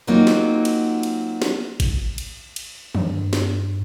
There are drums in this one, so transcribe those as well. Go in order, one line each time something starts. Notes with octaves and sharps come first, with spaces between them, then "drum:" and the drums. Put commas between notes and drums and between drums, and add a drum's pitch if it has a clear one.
F#3 A#3 C4 D#4 F4 F#4
drum: snare
drum: cymbal
drum: cymbal
drum: snare
drum: kick, cymbal
drum: cymbal
drum: cymbal
G2, drum: tom
drum: snare